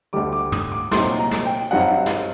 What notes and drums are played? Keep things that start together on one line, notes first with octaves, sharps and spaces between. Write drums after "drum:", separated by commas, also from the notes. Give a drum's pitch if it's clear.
D2 D3 G3 D6
D6
D#6, drum: tom
D6
C2 A#2 F#3 C4 D#4 C6, drum: snare
A#5
drum: snare
G5
G2 F#3 C4 D#4 F#5
drum: snare